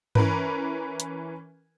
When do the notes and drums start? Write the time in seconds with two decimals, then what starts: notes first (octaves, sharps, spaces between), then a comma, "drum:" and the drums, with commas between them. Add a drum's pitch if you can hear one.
0.15 E3 C#4 A#4 B4, drum: tom G2
1.00 drum: hi-hat